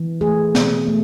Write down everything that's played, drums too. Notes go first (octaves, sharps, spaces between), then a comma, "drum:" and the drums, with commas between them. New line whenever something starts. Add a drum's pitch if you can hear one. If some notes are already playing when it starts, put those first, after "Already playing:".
Already playing: E3
A3 G#4
B2, drum: snare
A3